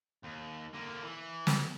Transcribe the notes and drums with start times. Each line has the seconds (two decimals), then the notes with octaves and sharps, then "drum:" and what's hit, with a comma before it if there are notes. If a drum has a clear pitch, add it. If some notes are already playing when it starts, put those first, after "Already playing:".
0.23 D#2
0.73 D3 A#3
1.03 E3
1.47 drum: snare